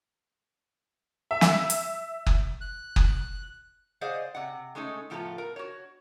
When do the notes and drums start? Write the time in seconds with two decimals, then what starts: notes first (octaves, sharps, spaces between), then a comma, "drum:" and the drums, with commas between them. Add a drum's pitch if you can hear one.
1.31 E5
1.41 drum: snare
1.70 drum: hi-hat
2.26 drum: kick F#1
2.61 F#6
2.96 drum: kick F#1
4.01 G#4 C5 D5 D#5 F5 F#5
4.35 C3 F#5
4.75 G#3 A3 C#4 D#4 A4
5.10 A2 F3 B3 F4 A4 A#5
5.38 A#4
5.56 F#4 C#5